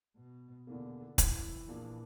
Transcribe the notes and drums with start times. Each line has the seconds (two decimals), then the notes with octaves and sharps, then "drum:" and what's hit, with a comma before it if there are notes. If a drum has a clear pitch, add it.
0.17 B2
0.67 E2 B2 D3 A#3
1.18 E3, drum: kick, hi-hat
1.68 A#1 A#2 A#3 D4